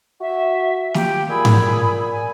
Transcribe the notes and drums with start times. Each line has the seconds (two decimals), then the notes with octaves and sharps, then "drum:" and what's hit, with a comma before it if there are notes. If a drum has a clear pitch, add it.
0.21 F#4 E5
0.94 F4 G4, drum: snare
1.30 A#2 G#4 B5 E6
1.45 drum: tom G#2
2.12 G#5